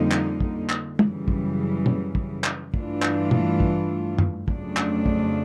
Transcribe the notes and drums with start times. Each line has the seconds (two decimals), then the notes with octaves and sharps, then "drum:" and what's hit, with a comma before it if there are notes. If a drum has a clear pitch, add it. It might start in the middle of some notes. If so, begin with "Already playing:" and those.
Already playing: F2 D3 G3 A#3 D#4
0.11 drum: clap
0.40 drum: kick
0.70 drum: clap
0.99 F#2 C#3 E3 G3, drum: tom
1.28 drum: kick
1.86 drum: tom
2.15 drum: kick
2.44 drum: clap
2.74 G2 E3 A3 D4 F4, drum: kick
3.02 drum: clap
3.31 drum: tom
3.60 drum: kick
4.18 drum: tom
4.48 F2 C#3 F#3 A3 D4, drum: kick
4.77 drum: clap
5.06 drum: kick